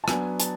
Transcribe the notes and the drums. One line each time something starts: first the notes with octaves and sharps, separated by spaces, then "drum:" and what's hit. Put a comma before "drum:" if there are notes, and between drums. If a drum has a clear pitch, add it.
A5
F#3 B3 D4 G#5, drum: rim click
A5, drum: hi-hat